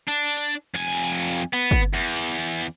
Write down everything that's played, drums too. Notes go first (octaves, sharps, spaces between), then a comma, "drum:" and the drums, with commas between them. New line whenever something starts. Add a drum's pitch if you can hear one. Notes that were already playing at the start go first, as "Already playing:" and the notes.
D4
drum: hi-hat
F2 G#5
drum: hi-hat
drum: hi-hat
B3
drum: kick, hi-hat
E2, drum: hi-hat
drum: hi-hat
drum: hi-hat
drum: hi-hat